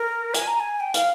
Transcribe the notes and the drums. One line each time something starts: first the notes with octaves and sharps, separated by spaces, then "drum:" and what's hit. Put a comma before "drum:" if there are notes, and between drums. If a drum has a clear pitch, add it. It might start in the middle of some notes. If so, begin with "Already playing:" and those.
Already playing: A#4
G#5, drum: hi-hat
A#5
G#5
G5
F5, drum: hi-hat